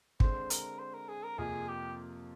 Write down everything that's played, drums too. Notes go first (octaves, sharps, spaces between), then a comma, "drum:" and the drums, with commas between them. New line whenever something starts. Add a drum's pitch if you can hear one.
D3 G#3 C4 C5, drum: kick
A#4, drum: hi-hat
C5
A#4
G#4
A#4
F2 C3 F3 A#3 F4 G#4
G4